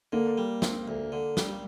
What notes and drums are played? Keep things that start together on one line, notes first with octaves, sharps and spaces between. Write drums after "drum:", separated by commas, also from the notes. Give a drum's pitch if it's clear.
D3 A#3
G3
C4, drum: snare
D2
D3
G3, drum: snare